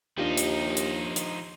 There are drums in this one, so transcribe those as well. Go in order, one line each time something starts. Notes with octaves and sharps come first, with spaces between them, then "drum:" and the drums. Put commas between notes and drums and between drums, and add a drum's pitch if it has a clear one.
D#2 F3 D4 D#4 F4 G4
drum: hi-hat
drum: hi-hat
drum: hi-hat